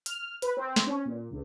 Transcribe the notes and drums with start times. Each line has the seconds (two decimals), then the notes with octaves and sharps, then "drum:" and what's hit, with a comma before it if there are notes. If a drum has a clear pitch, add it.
0.06 F6, drum: hi-hat
0.42 B4, drum: hi-hat
0.57 C4
0.76 drum: snare
0.87 C#4
1.05 A#2
1.31 C#2